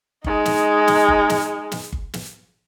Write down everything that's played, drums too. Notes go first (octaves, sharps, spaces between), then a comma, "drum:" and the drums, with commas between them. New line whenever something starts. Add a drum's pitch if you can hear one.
G#3 D#4, drum: kick G1
drum: snare
drum: snare
drum: kick G1
drum: snare
drum: snare
drum: kick G1
drum: snare